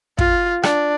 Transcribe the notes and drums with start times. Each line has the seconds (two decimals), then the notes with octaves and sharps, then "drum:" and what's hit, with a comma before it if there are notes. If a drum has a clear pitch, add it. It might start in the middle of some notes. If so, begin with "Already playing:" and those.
0.19 F4, drum: kick
0.63 D4, drum: rim click